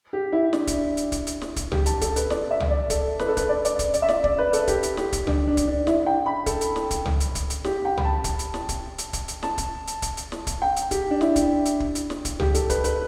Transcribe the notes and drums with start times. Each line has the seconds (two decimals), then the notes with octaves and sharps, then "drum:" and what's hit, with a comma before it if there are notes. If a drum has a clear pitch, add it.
0.13 G4
0.32 E4
0.53 D4, drum: snare
0.67 drum: kick, hi-hat
0.97 drum: hi-hat
1.12 drum: kick, hi-hat
1.27 drum: hi-hat
1.42 drum: snare
1.56 drum: kick, hi-hat
1.72 G4, drum: tom C#2
1.86 A5, drum: hi-hat
2.01 A4, drum: kick, hi-hat
2.16 B4, drum: hi-hat
2.30 D5, drum: snare
2.51 E5
2.60 drum: tom C#2
2.71 D5
2.90 A4, drum: kick, hi-hat
3.19 B4, drum: snare
3.29 A4
3.37 B4, drum: kick, hi-hat
3.49 D5
3.65 D5, drum: hi-hat
3.79 drum: kick, hi-hat
3.94 D5, drum: hi-hat
4.02 E5
4.09 D5, drum: snare
4.24 D5, drum: kick
4.38 B4
4.53 A4, drum: hi-hat
4.67 G4, drum: kick, hi-hat
4.83 drum: hi-hat
4.97 G4, drum: snare
5.13 drum: kick, hi-hat
5.27 D4, drum: tom C#2
5.47 D4
5.57 drum: kick, hi-hat
5.68 D4
5.87 E4, drum: snare
6.06 G5
6.26 B5
6.46 A4, drum: kick, hi-hat
6.61 drum: hi-hat
6.76 drum: snare
6.91 drum: kick, hi-hat
7.05 drum: tom C#2
7.20 drum: hi-hat
7.35 drum: kick, hi-hat
7.50 drum: hi-hat
7.64 G4, drum: snare
7.85 G5
7.97 B5, drum: tom C#2
8.04 A5
8.24 drum: kick, hi-hat
8.39 drum: hi-hat
8.54 drum: snare
8.69 drum: kick, hi-hat
8.98 drum: hi-hat
9.13 drum: kick, hi-hat
9.28 drum: hi-hat
9.43 A5, drum: snare
9.58 drum: kick, hi-hat
9.87 drum: hi-hat
10.02 drum: kick, hi-hat
10.17 drum: hi-hat
10.32 drum: snare
10.47 drum: kick, hi-hat
10.62 G5
10.76 drum: hi-hat
10.91 G4, drum: kick, hi-hat
11.11 D4
11.21 E4, drum: snare
11.36 drum: kick, hi-hat
11.65 drum: hi-hat
11.80 drum: kick
11.95 drum: hi-hat
12.10 drum: snare
12.25 drum: kick, hi-hat
12.39 G4, drum: tom C#2
12.54 A4, drum: hi-hat
12.70 B4, drum: kick, hi-hat
12.84 B4, drum: hi-hat